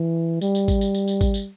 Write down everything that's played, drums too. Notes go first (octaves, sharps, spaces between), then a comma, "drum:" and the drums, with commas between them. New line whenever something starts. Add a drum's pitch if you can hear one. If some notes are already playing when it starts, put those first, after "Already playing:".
Already playing: E3
G3, drum: tambourine
drum: tambourine
drum: kick G#1, tambourine
drum: tambourine
drum: tambourine
drum: tambourine
drum: kick G#1, tambourine
drum: tambourine